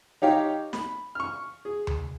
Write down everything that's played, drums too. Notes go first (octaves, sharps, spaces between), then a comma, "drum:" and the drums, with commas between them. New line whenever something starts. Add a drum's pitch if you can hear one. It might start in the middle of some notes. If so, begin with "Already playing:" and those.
D#4 G4 C#5 F5 G5
B5, drum: snare
C#6 F6
G#4
drum: tom D2